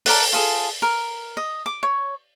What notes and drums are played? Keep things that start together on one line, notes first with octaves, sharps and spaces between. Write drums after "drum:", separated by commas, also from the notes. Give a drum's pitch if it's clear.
A4 A#4 D5 F#5, drum: open hi-hat
F4 G#4 A4
A#4
D#5
D6
C#5